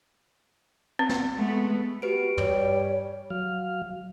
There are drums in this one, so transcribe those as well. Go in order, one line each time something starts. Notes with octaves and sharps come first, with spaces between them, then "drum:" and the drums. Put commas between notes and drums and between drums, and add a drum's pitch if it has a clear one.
C4
drum: snare
G#3 A3 B3
F#4 G4 B4 D7
G3 C#5, drum: tom
F#3 F5